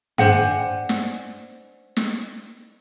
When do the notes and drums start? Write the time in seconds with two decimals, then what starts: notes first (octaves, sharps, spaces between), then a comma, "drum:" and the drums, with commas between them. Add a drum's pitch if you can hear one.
0.18 D4 C5 F#5 G#5, drum: tom G2
0.89 drum: snare
1.97 drum: snare